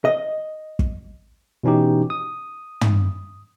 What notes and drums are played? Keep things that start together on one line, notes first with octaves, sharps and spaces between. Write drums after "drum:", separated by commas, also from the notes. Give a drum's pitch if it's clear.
D#5
drum: kick
B2 E3 C#4 D#4 G4
D#6
drum: tom